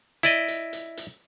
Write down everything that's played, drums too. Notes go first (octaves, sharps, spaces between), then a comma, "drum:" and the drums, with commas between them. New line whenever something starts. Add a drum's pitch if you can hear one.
E4 D5 D#5, drum: hi-hat
drum: hi-hat
drum: hi-hat
drum: hi-hat